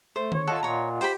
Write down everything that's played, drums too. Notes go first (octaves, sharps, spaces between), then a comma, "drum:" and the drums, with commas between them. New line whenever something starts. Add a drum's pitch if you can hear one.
A3 C5
D3 C#5, drum: tom D#3
F4 A4 D#5 F#5
A#2 C#5 A#5
G4 C5 G5 B5, drum: open hi-hat